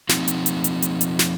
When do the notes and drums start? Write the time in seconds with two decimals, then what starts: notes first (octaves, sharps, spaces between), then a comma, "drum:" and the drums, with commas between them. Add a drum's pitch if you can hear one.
0.09 F3 C4 D#4, drum: snare
0.28 drum: hi-hat
0.46 drum: hi-hat
0.64 drum: hi-hat
0.82 drum: hi-hat
1.01 drum: hi-hat
1.19 drum: snare